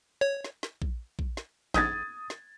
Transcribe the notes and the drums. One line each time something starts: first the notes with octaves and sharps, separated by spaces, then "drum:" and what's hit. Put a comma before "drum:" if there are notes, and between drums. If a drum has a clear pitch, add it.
C#5
drum: snare
drum: snare
drum: kick A#1
drum: kick A#1
drum: snare
A#1 D#6 G#6 A6, drum: snare
drum: snare